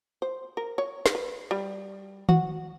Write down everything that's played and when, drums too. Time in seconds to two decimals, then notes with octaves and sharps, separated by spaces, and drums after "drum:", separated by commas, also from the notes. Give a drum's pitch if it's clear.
0.22 C5
0.57 A#4
0.78 C#5
1.06 drum: snare
1.15 B4
1.51 G3
2.29 F#4, drum: tom D#3